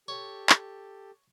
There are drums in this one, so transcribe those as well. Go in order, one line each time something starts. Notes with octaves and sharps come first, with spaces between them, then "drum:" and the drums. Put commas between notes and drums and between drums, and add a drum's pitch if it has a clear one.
G4 A4 C#5
drum: clap